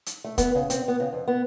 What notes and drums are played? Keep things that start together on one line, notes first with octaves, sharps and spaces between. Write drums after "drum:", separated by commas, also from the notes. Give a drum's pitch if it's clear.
drum: hi-hat
A3
B3, drum: kick, hi-hat
C#3
C4, drum: hi-hat
B3
C#3
F2
B3